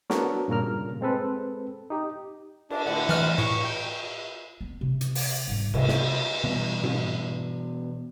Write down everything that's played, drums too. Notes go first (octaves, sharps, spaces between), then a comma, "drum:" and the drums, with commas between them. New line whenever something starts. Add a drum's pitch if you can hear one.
B3 D4 F#4 A4 A#4 C#5, drum: snare
G2 A#2 C#3 A#4 F6
G#3 C4 A4 B4
D#4 G4
D4, drum: cymbal
A2 D3 F#5, drum: cymbal
E3 F6
A2 C#6
G5
B3
C3
drum: hi-hat
drum: open hi-hat
C2 G#2
C3, drum: cymbal
drum: snare
B2 E3 G3
drum: tom G#2